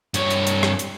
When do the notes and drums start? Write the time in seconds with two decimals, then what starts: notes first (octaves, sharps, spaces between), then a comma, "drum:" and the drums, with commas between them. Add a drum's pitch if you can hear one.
0.14 G2 C#5, drum: hi-hat
0.30 drum: hi-hat
0.47 drum: hi-hat
0.63 drum: rim click
0.79 drum: hi-hat